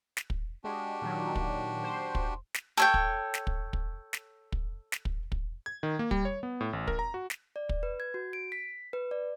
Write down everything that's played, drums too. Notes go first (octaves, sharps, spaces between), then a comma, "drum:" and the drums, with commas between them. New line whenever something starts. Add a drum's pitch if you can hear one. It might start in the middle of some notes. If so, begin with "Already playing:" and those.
drum: snare
drum: kick
G#3 D4 F#4 G4
A#2 D#3 F#3
drum: kick
C5
drum: kick
drum: snare
A4 C#5 G5
drum: kick
drum: snare
drum: kick
drum: kick
drum: snare
drum: kick
drum: snare
drum: kick
drum: kick
G#6
D#3
A#3
G3, drum: kick
C#5
B3
A2
A1
A#4, drum: kick
A#5
F#4
drum: snare
D5
drum: kick
B4
G#6
F#4
D7
B6
B4
D5